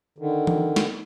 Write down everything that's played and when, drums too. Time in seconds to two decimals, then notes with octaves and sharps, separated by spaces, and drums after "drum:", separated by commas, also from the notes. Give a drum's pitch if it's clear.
0.18 D3 D#3
0.47 drum: tom
0.76 drum: snare